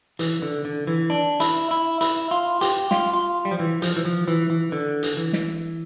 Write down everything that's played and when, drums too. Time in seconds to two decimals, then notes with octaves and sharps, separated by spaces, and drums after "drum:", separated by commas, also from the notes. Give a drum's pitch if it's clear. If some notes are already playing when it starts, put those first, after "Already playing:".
0.19 E3, drum: hi-hat
0.42 D3
0.65 D3
0.87 E3
1.10 D4
1.40 E4, drum: hi-hat
1.71 E4
2.01 E4, drum: hi-hat
2.31 F4
2.61 G4, drum: hi-hat
2.91 F4, drum: snare
3.14 F4
3.45 G3
3.51 F3
3.59 E3
3.82 F3, drum: hi-hat
3.96 E3
4.05 F3
4.28 E3
4.50 E3
4.72 D3
5.03 drum: hi-hat
5.17 E3
5.33 drum: snare